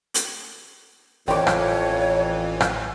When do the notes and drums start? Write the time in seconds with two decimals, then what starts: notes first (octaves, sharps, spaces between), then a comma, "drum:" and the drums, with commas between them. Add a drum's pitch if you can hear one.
0.14 drum: hi-hat
1.28 A1 F2 E3 C#5 G5 D6
1.47 drum: rim click
2.60 drum: rim click